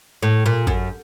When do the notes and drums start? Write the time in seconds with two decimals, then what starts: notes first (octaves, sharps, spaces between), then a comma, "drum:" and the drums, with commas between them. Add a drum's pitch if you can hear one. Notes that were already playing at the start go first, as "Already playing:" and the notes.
0.23 A2
0.46 A#2
0.67 F#2, drum: kick G#1